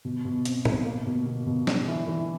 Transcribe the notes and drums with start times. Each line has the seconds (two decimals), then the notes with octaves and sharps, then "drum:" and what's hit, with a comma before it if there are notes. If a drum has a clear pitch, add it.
0.05 B2
0.25 B2
0.45 C4, drum: hi-hat
0.65 B2, drum: tom
0.86 A#3
1.06 B2
1.26 B2
1.47 B2
1.67 D4, drum: snare
1.87 E3
2.07 E3